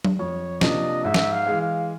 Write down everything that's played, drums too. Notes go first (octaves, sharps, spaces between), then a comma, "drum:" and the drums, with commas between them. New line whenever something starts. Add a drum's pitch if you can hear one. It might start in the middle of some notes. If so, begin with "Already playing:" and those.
drum: tom F#3
F2 C#5
C3 F3 A#3 D4 D#5, drum: snare
G#2 E5
drum: snare
F5
E3 G#3
F5